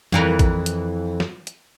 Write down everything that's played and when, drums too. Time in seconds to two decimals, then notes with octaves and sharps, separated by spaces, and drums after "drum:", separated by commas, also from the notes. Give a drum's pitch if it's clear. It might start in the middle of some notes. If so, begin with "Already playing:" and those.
0.12 F2 E3 A#4, drum: tom E3
0.39 drum: kick, hi-hat
0.66 drum: hi-hat
1.20 drum: snare
1.47 drum: hi-hat